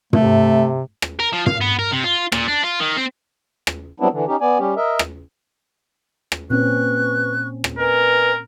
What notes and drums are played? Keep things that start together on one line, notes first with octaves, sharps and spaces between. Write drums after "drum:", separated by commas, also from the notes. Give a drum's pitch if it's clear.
C3 A3, drum: tom
drum: rim click
A#4
F3
F5, drum: tom
B3
A#4
C3
F4
A#2, drum: rim click
D4
F4
D#3
C4
drum: rim click
F#3 G3 B3 C4 D4 E4
D3 E3
C#4 D#4 G4
B3 D5 G#5
G3 C#4 G4
A#4 D#5 E5
drum: rim click
drum: rim click
A#2 C4 C#4 B4 C#6 F#6
drum: rim click
A#4 B4 D#5 G#5